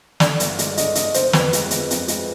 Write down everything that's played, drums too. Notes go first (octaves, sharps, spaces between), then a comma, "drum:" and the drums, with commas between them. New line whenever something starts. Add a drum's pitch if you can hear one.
D3 D5, drum: snare
G1, drum: hi-hat
G#3, drum: hi-hat
D3 D#5, drum: hi-hat
D3 D#5, drum: hi-hat
D3 C5, drum: hi-hat
F2 B4, drum: snare
G#3, drum: hi-hat
G#3, drum: hi-hat
F2, drum: hi-hat
G#3, drum: hi-hat